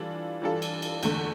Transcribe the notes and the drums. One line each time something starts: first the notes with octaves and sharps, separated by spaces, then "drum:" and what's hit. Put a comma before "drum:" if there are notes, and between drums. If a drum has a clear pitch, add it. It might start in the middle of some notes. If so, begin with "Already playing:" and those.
Already playing: E3 G3 D4 F4 A4
E3 G3 D4 F4 A4
drum: cymbal
drum: cymbal
E2 D3 A3, drum: cymbal